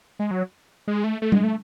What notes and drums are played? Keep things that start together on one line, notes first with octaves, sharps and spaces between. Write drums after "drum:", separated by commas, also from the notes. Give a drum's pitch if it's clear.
G#3
F#3
G#3
A3
A3
G#3, drum: tom G3
A3